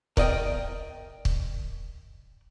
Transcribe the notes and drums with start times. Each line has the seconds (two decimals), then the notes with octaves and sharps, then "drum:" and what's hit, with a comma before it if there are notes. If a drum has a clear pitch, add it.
0.17 A#4 D5 D#5 G5, drum: kick
1.25 drum: kick